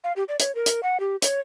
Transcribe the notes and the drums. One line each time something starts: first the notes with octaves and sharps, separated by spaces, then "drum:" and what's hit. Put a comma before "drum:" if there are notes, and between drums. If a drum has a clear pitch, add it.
F5
G4
D5
C#5, drum: hi-hat
A#4
drum: hi-hat
F#5
G4
C#5, drum: hi-hat